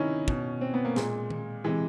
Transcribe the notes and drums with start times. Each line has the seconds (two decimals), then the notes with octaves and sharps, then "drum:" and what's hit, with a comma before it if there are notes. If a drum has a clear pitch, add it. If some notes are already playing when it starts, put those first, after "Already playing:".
Already playing: C3 D#3 C#4 D#4 E4
0.28 B2, drum: kick
0.61 C4
0.74 B3
0.85 A#3
0.96 A#2 G#3, drum: snare
1.30 drum: tom D#3
1.64 C3 E3 G#3